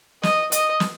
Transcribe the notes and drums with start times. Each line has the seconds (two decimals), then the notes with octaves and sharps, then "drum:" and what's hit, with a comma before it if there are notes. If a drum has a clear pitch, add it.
0.23 D#5, drum: snare
0.52 D#5, drum: hi-hat
0.80 drum: snare